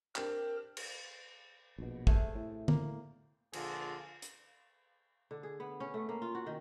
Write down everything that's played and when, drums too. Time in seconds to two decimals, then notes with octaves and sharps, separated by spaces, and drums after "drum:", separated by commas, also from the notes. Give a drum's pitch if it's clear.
0.16 C4 D4 G4 A#4, drum: clap
0.77 drum: cymbal
1.78 A#1 B2
2.07 C3 A3 G#4, drum: kick
2.35 A2
2.68 A#3, drum: tom
3.53 A#1 D3 F4 G#4, drum: cymbal
4.22 drum: hi-hat
5.31 D3
5.43 G#4
5.60 B3
5.80 C#4
5.94 A3
6.09 A#3
6.22 F4
6.35 F#4
6.46 D#3